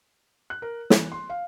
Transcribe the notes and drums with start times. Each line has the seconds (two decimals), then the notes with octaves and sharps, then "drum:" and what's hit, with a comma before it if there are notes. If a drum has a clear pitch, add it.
0.50 F#6
0.62 A#4
0.90 E3, drum: snare
1.12 C6
1.30 F5